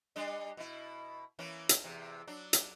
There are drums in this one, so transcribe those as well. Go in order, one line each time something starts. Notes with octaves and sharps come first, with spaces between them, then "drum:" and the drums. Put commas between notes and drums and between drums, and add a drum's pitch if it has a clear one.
G3 D4 D#5
B2 E4
E3 A#3 C#4
drum: hi-hat
E2 C3
F#3 D4
drum: hi-hat